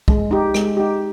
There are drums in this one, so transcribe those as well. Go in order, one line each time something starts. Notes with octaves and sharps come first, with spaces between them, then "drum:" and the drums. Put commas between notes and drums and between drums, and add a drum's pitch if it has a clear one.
G#3, drum: kick
D#4 G4
G#3, drum: rim click
D#4 G4